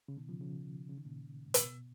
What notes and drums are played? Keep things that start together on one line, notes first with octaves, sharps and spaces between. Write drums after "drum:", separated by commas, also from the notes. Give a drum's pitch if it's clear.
C#3
B2 D#3
C#3 F3
C#3 F3
C#3
D#3
A#2 C#3
G#2
A#2, drum: hi-hat
B2